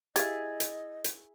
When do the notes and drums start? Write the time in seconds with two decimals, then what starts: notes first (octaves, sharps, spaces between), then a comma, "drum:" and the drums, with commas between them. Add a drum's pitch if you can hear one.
0.16 E4 G4 G#4 D#5 F5 G#6 A6, drum: hi-hat
0.60 drum: hi-hat
1.04 drum: hi-hat